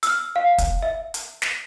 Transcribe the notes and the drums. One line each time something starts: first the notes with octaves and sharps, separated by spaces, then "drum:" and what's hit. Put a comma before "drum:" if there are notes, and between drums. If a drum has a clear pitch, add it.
E6 F6, drum: hi-hat
F5
drum: kick, hi-hat
E5
drum: hi-hat
drum: snare